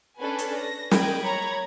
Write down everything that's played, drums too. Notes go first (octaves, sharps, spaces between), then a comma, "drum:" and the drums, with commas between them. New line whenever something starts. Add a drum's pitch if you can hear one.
C#4 D4 A4 B4 G#5
drum: hi-hat
A#6
A#4 D#5 G5 B5 D6 G#6, drum: snare
C#5 A#5 B5 G#6